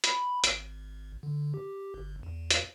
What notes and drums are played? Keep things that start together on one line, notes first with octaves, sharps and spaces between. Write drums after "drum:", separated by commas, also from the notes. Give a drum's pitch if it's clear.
B5, drum: hi-hat
G#1, drum: hi-hat
D3
G4
G1
E2
drum: hi-hat